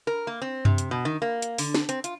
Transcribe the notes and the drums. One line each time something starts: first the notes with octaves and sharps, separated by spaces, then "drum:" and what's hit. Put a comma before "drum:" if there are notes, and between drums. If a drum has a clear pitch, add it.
A#4
A#3
C4
C3, drum: tom F#2
drum: hi-hat
B2
D#3
A#3
drum: hi-hat
D3, drum: open hi-hat
drum: snare
C4, drum: hi-hat
F4, drum: hi-hat